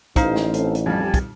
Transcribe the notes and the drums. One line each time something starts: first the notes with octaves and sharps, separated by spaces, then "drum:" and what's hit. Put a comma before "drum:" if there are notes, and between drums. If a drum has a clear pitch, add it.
A1 D#4 C5 F5, drum: kick, hi-hat
drum: snare
C4 A4, drum: hi-hat
drum: hi-hat
F2 G3 G4 G#5 A5
drum: kick, hi-hat